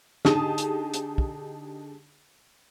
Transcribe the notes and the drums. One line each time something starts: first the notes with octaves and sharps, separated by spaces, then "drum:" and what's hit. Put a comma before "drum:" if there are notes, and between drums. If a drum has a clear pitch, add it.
D3 D#4 G4 G#4 A5 D#6, drum: snare
drum: hi-hat
drum: hi-hat
drum: kick